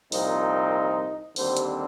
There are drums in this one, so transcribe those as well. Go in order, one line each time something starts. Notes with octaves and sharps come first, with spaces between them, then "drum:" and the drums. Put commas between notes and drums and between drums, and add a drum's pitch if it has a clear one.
C2 A#2 F3 C4 D#4, drum: open hi-hat
D#2 D3 G3 C4 C5, drum: open hi-hat
drum: hi-hat